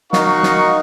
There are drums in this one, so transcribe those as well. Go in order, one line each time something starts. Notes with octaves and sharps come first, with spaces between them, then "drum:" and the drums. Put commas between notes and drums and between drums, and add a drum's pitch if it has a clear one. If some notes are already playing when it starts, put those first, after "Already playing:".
D#4 F#4 A#4 F5 C#6, drum: snare
drum: snare